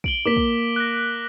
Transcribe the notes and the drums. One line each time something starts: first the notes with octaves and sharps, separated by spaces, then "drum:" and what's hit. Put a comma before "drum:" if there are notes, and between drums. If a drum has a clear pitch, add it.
D7 F#7 G7, drum: kick
A#3 D6 B6
drum: kick
F#6 A#6